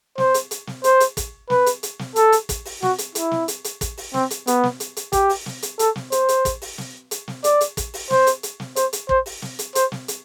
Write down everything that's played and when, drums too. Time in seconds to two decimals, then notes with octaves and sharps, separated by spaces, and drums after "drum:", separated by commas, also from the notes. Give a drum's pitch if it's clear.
0.18 C5, drum: snare
0.34 drum: hi-hat
0.51 drum: hi-hat
0.67 drum: snare
0.84 C5, drum: hi-hat
1.00 drum: hi-hat
1.17 drum: kick, hi-hat
1.50 B4, drum: snare
1.66 drum: hi-hat
1.83 drum: hi-hat
1.99 drum: snare
2.16 A4, drum: hi-hat
2.32 drum: hi-hat
2.49 drum: kick, hi-hat
2.65 drum: open hi-hat
2.82 F#4, drum: snare
2.98 drum: hi-hat
3.15 E4, drum: hi-hat
3.31 drum: snare
3.48 drum: hi-hat
3.64 drum: hi-hat
3.81 drum: kick, hi-hat
3.97 drum: open hi-hat
4.14 C4, drum: snare
4.30 drum: hi-hat
4.47 B3, drum: hi-hat
4.63 drum: snare
4.80 drum: hi-hat
4.97 drum: hi-hat
5.12 G4, drum: kick, hi-hat
5.30 drum: open hi-hat
5.46 drum: snare
5.63 drum: hi-hat
5.79 A4, drum: hi-hat
5.96 drum: snare
6.12 C5, drum: hi-hat
6.29 drum: hi-hat
6.45 drum: kick, hi-hat
6.62 drum: open hi-hat
6.78 drum: snare
7.11 drum: hi-hat
7.28 drum: snare
7.44 D5, drum: hi-hat
7.61 drum: hi-hat
7.77 drum: kick, hi-hat
7.94 drum: open hi-hat
8.10 C5, drum: snare
8.27 drum: hi-hat
8.43 drum: hi-hat
8.60 drum: snare
8.76 C5, drum: hi-hat
8.93 drum: hi-hat
9.09 C5, drum: kick
9.26 drum: open hi-hat
9.42 drum: snare
9.59 drum: hi-hat
9.75 C5, drum: hi-hat
9.92 drum: snare
10.08 drum: hi-hat